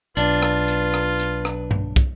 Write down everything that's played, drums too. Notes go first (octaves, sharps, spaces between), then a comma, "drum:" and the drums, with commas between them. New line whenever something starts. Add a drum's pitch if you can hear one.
B1 D4 F4 B4, drum: hi-hat
drum: rim click
drum: hi-hat
drum: rim click
drum: hi-hat
drum: rim click
drum: tom G2
drum: kick, hi-hat